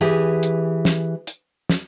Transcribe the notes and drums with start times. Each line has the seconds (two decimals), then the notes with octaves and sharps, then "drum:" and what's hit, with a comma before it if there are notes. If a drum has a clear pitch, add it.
0.01 E3 G4 G#4 G#5
0.43 drum: hi-hat
0.85 drum: snare
1.27 drum: hi-hat
1.69 drum: snare